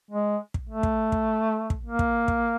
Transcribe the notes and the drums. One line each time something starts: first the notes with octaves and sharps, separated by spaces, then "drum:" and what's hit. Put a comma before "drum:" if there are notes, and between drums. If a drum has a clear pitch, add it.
G#3
drum: kick
A3
drum: kick
drum: kick
drum: kick
A#3
drum: kick
drum: kick